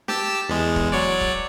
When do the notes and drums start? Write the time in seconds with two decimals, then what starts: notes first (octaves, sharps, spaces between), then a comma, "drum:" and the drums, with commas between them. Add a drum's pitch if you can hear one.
0.08 G4 A5 E6, drum: snare
0.49 E2 G#3
0.76 drum: kick
0.92 F#3 C#5 D5
1.21 drum: kick